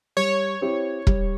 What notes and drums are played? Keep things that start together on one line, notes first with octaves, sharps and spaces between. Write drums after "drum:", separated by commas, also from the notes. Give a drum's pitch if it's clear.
G3 C#5
C4 E4 G4
G3, drum: kick E1